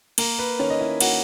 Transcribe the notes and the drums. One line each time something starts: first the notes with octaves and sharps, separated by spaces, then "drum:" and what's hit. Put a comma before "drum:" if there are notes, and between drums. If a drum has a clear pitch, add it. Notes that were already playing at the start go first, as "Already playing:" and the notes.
A#3 A#4, drum: cymbal
B4
D#3 C#4 C#5
D#5
E4 E5
A#3 F#4 F#5, drum: cymbal